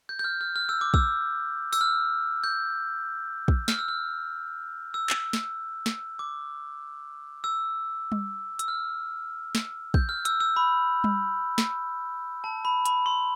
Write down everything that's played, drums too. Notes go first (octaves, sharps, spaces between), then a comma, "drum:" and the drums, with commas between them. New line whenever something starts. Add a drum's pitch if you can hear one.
G6
G6
F6
F6
F6
E6
D6
E6, drum: kick
E6, drum: tambourine
F6
G6
drum: kick
F6, drum: snare
E6
F6
E6
drum: clap
drum: snare
drum: snare
D6
E6
drum: tom G3
E6, drum: hi-hat
F6
drum: snare
G6, drum: kick
F6
E6, drum: hi-hat
E6
B5
drum: tom G3
drum: snare
A5
B5
B5, drum: hi-hat
C6